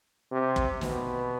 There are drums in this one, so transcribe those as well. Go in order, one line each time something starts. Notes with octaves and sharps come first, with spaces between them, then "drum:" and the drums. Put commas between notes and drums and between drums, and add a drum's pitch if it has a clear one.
C3
drum: kick
B2, drum: snare